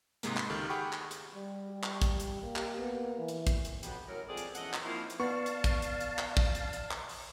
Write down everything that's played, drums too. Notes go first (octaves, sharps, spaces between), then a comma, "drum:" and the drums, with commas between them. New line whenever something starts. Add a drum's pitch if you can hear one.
G#2 C3 G#3 A#3, drum: hi-hat
B5 C6, drum: clap
C#2 D#3 G4 A4 F6
G4 G#4 F#5 G5 B5 C#6
drum: clap
drum: hi-hat
G3
G4
drum: clap
drum: kick, hi-hat
drum: hi-hat
A#3
drum: clap
B3
E3
drum: hi-hat
drum: kick, hi-hat
drum: hi-hat
F2 B2 F#3 B3 G4 B4, drum: hi-hat
F#2 A2 F#3 A#4
F3 G#3 C4 G#4 A4 D5
drum: hi-hat
E2 C#4 A4 D#5 F#5, drum: hi-hat
drum: clap
F3 A#3 C4 D#4 E4
drum: hi-hat
B3 D5 F5 A5 C#6
drum: hi-hat
drum: kick, hi-hat
drum: hi-hat
drum: hi-hat
drum: clap
drum: kick
drum: hi-hat
drum: hi-hat
drum: clap
drum: open hi-hat